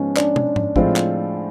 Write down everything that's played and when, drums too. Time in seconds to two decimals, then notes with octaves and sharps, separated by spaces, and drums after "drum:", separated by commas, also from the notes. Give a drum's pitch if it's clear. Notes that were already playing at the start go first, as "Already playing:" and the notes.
Already playing: G#2 F3 G#3 B3 C#4
0.17 D4, drum: clap
0.36 drum: tom
0.56 drum: tom G#2
0.76 A2 F3 G#3 C4 F4, drum: kick
0.96 drum: clap